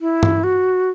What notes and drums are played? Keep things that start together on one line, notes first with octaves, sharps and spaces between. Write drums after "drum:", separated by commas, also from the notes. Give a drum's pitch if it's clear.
E4
drum: tom G2
F#4